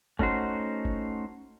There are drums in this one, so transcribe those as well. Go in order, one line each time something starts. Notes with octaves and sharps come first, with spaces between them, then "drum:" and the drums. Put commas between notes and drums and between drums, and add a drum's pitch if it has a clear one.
A3 C#4 D#4 F#4 C5, drum: kick F#1
drum: kick F#1